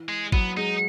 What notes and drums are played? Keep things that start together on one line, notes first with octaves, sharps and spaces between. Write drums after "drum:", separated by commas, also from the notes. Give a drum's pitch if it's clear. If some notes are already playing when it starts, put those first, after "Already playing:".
Already playing: E3
G#3
F#3 B3, drum: kick G#1
G#3 D#4